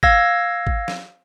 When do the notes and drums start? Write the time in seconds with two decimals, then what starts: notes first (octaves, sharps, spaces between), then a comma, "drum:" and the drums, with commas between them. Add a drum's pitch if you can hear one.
0.03 F5 E6 G#6 A#6, drum: kick G#1
0.67 drum: kick G#1
0.88 drum: snare